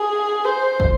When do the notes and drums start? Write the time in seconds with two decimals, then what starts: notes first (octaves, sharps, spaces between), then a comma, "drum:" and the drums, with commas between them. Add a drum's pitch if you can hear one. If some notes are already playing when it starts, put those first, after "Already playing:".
Already playing: G#4
0.45 C5
0.80 drum: kick